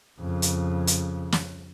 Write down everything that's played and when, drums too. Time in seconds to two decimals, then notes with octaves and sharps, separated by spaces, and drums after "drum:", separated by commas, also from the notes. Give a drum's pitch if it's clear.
0.20 F2 C#3
0.42 drum: hi-hat
0.87 drum: hi-hat
1.32 drum: snare